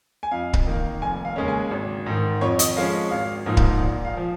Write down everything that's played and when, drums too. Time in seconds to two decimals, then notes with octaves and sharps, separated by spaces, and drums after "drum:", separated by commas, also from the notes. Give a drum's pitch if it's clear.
0.23 G#5
0.31 F2 F5
0.53 drum: kick C#1
0.66 D#3 A#3
1.02 F1 G#5
1.25 F5
1.36 D#2 C#3 G#3 C#4
1.48 G#5
1.71 G#1
2.06 G#2 D#3
2.41 F2 C#5
2.59 D#5, drum: hi-hat
2.76 F3 G#3 C#4 F5
3.11 G#1 F5
3.46 G#2 F3 A#3 D#4
3.57 drum: kick C#1
3.81 A#1
4.05 F5
4.17 F3